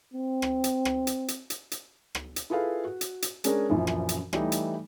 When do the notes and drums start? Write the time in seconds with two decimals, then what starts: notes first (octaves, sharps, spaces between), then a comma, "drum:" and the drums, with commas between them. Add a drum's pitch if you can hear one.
0.14 C4
0.42 drum: rim click
0.64 drum: hi-hat
0.85 drum: rim click
1.07 drum: hi-hat
1.28 drum: hi-hat
1.50 drum: hi-hat
1.72 drum: hi-hat
2.15 drum: rim click
2.36 drum: hi-hat
2.50 E4 F4 G#4 A4 B4 F5
2.85 F#4
3.01 drum: hi-hat
3.22 drum: hi-hat
3.44 G#3 C#4 D4 G#4 A#4, drum: hi-hat
3.70 A#1 F#2 E3 F3
3.87 drum: rim click
4.09 drum: hi-hat
4.33 E3 G3 A3 D#4, drum: rim click
4.52 drum: hi-hat